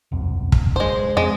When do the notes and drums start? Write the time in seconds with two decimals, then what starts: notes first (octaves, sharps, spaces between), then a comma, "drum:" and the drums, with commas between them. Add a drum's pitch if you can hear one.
0.12 E1 C2 F#2
0.52 drum: kick
0.76 G#3 C5
1.17 F2 G#3 C4